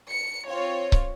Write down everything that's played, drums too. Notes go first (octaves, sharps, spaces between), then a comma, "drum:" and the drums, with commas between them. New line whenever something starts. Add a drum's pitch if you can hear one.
C#7
C4 F4 C#5
drum: kick C#1